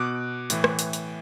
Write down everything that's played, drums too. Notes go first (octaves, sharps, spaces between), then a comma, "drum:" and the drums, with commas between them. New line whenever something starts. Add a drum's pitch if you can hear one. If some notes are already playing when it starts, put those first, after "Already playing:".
Already playing: B2 D6 F#6
A2 E3, drum: hi-hat
drum: rim click
drum: hi-hat
drum: hi-hat